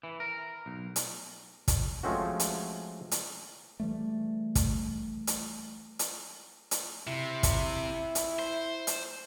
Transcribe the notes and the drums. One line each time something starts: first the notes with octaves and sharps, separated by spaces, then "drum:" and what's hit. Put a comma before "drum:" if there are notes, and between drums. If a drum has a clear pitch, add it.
E3
A#4
B1
drum: hi-hat
drum: kick, hi-hat
F3 G#3 A3 C4 C#4 F#4
drum: hi-hat
drum: hi-hat
E3 G3 A3
drum: kick, hi-hat
drum: hi-hat
drum: hi-hat
drum: hi-hat
C3 E4
drum: kick, hi-hat
drum: hi-hat
C5
drum: hi-hat